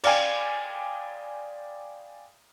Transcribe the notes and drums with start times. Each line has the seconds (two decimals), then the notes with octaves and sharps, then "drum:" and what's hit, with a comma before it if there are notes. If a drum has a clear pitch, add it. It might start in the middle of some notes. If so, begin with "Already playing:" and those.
0.04 D5 F5 G5 G#5, drum: cymbal